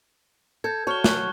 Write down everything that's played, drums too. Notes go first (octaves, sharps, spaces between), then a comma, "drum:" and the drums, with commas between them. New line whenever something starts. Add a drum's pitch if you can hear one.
A4 G6 G#6
F#4 C#5 A5 F6 G7
F#6, drum: snare